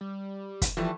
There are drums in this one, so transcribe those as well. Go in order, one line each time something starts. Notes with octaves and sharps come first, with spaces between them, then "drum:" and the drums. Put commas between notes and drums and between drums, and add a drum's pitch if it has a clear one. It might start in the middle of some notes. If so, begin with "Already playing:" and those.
G3
drum: kick, hi-hat
E3 F3 G3 A3